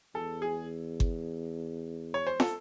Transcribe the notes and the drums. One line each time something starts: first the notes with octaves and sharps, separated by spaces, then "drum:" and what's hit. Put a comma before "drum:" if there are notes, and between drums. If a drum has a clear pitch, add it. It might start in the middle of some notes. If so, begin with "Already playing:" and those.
E2 A4
G#4
drum: kick G1
C#5
C5
A4, drum: snare